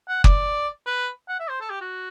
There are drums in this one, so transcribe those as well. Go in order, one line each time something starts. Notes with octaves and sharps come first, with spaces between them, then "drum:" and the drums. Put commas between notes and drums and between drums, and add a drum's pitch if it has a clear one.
F#5
D5, drum: kick F#1
B4
F#5
E5
C5
A4
G4
F#4